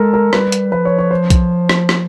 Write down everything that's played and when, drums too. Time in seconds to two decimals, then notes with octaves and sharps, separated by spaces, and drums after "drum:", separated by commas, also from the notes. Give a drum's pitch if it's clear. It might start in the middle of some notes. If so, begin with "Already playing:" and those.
Already playing: G#3 A4 A#4
0.14 A#4
0.33 G3 B4, drum: rim click
0.52 drum: hi-hat
0.72 F3 B4
0.85 C#5
0.99 C#5
1.11 C5
1.30 drum: kick B1, hi-hat
1.69 drum: rim click
1.89 drum: rim click